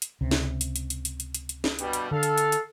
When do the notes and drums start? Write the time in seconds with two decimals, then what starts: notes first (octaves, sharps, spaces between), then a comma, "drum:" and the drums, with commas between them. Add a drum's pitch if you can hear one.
0.02 drum: hi-hat
0.21 C#2 C3
0.31 drum: snare
0.61 drum: hi-hat
0.76 drum: hi-hat
0.90 drum: hi-hat
1.05 drum: hi-hat
1.20 drum: hi-hat
1.34 drum: hi-hat
1.49 drum: hi-hat
1.64 drum: snare
1.79 G2 B2 G3, drum: hi-hat
1.93 drum: hi-hat
2.11 D3 A4 F5
2.23 drum: hi-hat
2.38 drum: hi-hat
2.52 drum: hi-hat